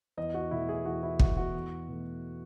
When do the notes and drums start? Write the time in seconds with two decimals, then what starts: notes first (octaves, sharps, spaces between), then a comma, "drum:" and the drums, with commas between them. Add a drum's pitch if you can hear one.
0.17 E2 D#5
0.34 F#4
0.51 B2 A3 E4
0.69 G#4
0.85 E2 F#4
1.03 E4
1.19 B2 A3 F#4, drum: kick
1.37 F#4
1.55 E2
1.89 B2 A3